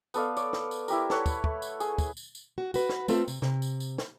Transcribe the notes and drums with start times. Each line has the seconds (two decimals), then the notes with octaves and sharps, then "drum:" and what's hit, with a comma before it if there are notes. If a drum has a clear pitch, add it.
0.14 B3 A4 D5 F5, drum: tambourine
0.37 C#5 D5, drum: tambourine
0.53 drum: snare
0.71 drum: tambourine
0.88 E4 G4 A#4, drum: tambourine
1.10 A4 B4 C#5 F#5, drum: snare
1.26 drum: kick, tambourine
1.44 A3, drum: kick
1.62 drum: tambourine
1.80 G#4, drum: tambourine
1.98 drum: kick, tambourine
2.17 drum: tambourine
2.35 drum: tambourine
2.58 F#4
2.74 F#4 B4, drum: tambourine
2.89 drum: snare
3.08 A3 C4 F4 A4 E5, drum: tambourine
3.28 C3, drum: tambourine
3.42 C3, drum: snare
3.62 drum: tambourine
3.80 drum: tambourine
3.98 drum: snare